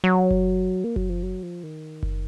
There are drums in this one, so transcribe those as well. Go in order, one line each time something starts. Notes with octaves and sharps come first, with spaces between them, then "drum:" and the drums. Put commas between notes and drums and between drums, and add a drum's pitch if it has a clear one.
F#3
drum: kick F#1
A#3
F#3, drum: kick F#1
F3
F#3
F3
D#3
drum: kick F#1